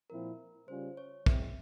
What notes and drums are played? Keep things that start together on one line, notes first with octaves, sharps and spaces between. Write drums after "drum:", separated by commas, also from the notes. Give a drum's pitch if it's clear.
A#2 F3 C4 E4 A#4
C#3 G3 C#4 F4 C5
C#5
E3 G#3 C4 E5, drum: kick